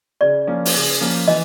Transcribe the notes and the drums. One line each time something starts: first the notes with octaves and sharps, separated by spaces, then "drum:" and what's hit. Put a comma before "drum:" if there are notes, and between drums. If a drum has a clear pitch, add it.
C#3 D5
F3 A#3 C#4 F4
drum: open hi-hat
C#3
F3 A#3 C#4 F4
E3 D#5